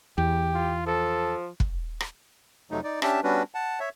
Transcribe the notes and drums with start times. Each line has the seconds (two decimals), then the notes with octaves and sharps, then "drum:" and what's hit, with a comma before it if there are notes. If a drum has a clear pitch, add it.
0.18 E2 G4
0.54 F4
0.86 F3 A4
1.60 drum: kick
2.00 drum: rim click
2.71 F2 C3 F#3 A3 D#4
2.84 D#4 D5
3.02 C#4 D4 G4 E5 A5, drum: rim click
3.24 G3 B3 C#4 D4 F#4 B4
3.55 F#5 A5
3.80 C#5 E5